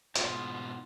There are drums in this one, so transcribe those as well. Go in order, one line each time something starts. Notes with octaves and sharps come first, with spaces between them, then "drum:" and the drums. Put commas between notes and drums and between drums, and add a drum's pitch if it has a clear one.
G#2 B2 F4, drum: hi-hat